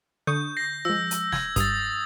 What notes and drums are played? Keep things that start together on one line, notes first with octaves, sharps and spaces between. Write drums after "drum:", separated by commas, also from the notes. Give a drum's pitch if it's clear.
D3 C#6 D#6 G6
A#6 C7
F3 G#3 E6
drum: hi-hat
G#6, drum: snare
G2 D#6 A6, drum: kick, hi-hat